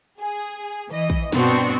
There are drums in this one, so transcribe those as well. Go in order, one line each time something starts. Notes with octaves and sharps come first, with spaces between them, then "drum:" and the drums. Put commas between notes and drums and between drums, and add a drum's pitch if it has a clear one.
G#4
E3 D#5
drum: kick
G2 B2 B3 C4 D4 F#4, drum: snare